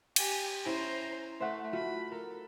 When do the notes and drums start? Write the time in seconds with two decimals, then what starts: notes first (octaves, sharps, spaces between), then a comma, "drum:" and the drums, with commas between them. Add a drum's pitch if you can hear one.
0.16 G4 G#5, drum: cymbal
0.65 C#4 E4 C5 A#5 D7
1.40 A3 C5 E5 F#5
1.73 A3 F4 F#4 B5
2.12 A4 A#4